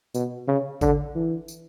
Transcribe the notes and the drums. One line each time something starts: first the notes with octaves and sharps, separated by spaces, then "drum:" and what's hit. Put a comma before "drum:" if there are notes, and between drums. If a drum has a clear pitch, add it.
B2, drum: tambourine
C#3
D3, drum: kick G#1, tambourine
E3
drum: tambourine